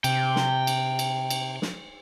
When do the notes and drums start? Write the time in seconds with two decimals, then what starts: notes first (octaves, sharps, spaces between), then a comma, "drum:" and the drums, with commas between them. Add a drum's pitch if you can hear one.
0.04 C3 G5, drum: cymbal
0.36 drum: snare
0.67 drum: cymbal
0.99 drum: cymbal
1.30 drum: cymbal
1.62 drum: snare